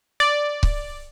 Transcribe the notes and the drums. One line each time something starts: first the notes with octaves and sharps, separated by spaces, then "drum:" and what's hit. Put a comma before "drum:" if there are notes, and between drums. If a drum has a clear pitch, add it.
D5
drum: kick C#1